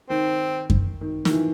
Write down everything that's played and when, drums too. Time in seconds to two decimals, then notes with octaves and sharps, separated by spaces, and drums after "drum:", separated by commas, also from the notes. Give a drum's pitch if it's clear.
0.09 D#3 C4
0.70 drum: kick F#2
1.01 D#3
1.25 D#3, drum: snare
1.31 E3